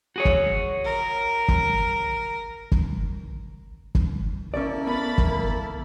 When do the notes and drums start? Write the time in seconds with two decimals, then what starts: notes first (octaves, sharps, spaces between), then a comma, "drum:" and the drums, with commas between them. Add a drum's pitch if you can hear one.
0.16 F#4 G#4 C#5
0.25 drum: kick
0.85 A#4
1.48 drum: kick
2.72 drum: kick
3.95 drum: kick
4.54 A#3 C#4 E4 A4 A#4 C#5 D5
4.87 B3 B5 A6
5.18 drum: kick